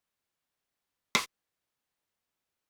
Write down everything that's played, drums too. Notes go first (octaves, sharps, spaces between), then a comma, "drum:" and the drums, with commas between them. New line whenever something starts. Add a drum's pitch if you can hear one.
G5 A5 C#6 G#6 A6
drum: rim click
F#6 G6 A6 B6 F7
A#4 A6